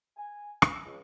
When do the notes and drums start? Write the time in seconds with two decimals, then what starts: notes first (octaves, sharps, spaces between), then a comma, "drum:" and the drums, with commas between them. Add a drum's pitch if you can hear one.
0.17 G#5
0.62 E6, drum: rim click
0.85 C#2